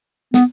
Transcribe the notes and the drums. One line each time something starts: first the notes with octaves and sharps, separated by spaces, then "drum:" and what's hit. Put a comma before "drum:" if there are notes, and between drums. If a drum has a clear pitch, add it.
B3, drum: snare